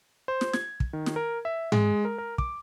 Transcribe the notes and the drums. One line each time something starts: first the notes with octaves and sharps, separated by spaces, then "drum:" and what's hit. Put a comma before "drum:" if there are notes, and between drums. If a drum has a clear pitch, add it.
C5
drum: snare
G#6, drum: snare
drum: kick
D#3
drum: snare
A#4
E5
G#3, drum: tom G#2
A#4
A#4
D6, drum: kick